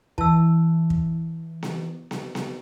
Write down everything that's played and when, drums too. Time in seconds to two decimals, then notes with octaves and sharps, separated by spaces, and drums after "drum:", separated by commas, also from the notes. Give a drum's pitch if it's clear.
0.18 E3 A5 E6, drum: kick
0.90 drum: kick
1.63 drum: snare B3
2.11 drum: snare B3
2.35 drum: snare B3